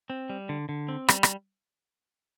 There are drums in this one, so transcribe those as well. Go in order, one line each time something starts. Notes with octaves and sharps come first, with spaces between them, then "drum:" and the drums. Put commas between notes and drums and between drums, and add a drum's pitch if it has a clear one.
C4
G3
D3
D3
C4
G3, drum: rim click
drum: rim click